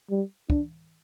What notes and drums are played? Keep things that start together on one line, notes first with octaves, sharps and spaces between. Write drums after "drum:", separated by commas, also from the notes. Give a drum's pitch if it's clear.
G3
D4, drum: kick